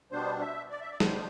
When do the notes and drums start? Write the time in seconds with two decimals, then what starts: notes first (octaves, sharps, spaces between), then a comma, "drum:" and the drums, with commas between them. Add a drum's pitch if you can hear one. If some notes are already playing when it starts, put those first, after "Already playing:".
0.12 B2 G3 B3 D4 C5
0.42 E5
0.70 D5
0.81 E5
0.91 D5
1.00 B2 G3 B3 D4 C5, drum: snare